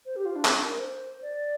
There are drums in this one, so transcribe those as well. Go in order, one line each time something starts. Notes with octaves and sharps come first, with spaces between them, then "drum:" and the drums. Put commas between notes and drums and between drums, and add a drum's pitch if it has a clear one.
C5
G4
F4
D4
C4, drum: clap
D4
A#4
C5
D5